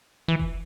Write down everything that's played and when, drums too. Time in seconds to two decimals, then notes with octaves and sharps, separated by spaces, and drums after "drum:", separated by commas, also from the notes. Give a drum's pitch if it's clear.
0.28 E3
0.39 drum: kick F1